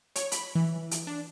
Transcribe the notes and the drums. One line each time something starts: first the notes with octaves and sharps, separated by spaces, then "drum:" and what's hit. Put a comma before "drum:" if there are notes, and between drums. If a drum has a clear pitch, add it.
C#5, drum: hi-hat
B5, drum: hi-hat
E3
drum: hi-hat
D4